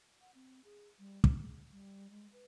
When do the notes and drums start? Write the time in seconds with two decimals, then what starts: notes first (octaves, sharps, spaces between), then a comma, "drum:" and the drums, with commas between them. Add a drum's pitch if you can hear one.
0.21 F#5
0.35 C4
0.64 G#4
0.99 G3
1.24 C#4, drum: kick
1.39 C#3
1.71 G3
2.10 G#3
2.32 B4